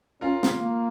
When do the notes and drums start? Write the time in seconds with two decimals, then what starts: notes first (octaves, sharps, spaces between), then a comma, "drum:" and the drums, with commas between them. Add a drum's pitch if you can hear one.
0.21 C#4 F4 A#4
0.43 drum: snare
0.57 A#3